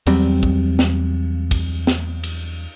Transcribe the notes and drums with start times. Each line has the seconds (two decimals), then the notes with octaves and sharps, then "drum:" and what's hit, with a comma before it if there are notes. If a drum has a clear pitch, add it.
0.07 E2 F#3 G3 C4, drum: cymbal
0.43 drum: kick
0.79 drum: snare
1.51 drum: kick, cymbal
1.87 drum: snare
2.23 drum: cymbal